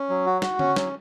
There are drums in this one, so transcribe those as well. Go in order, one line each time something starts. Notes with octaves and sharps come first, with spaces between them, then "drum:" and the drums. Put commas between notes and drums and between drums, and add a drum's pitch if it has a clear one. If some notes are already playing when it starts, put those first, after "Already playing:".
Already playing: C#4
F#3
F#4
F#4, drum: snare
C#4, drum: tom D3
F#3, drum: snare